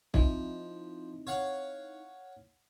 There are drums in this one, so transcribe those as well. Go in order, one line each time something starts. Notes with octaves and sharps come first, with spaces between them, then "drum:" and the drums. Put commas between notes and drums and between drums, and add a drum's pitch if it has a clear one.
F3 C4 D#4 E4, drum: kick
C#5 F5 F#5